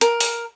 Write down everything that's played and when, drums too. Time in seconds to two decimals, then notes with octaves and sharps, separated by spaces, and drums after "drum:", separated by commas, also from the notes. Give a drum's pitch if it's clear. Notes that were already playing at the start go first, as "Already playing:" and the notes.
0.01 A#4, drum: hi-hat
0.20 drum: open hi-hat